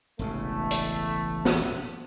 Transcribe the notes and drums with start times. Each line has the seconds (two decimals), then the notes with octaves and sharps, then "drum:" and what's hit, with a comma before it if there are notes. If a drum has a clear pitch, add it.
0.19 E1 A1 C#3 A3
0.71 drum: hi-hat
1.45 drum: snare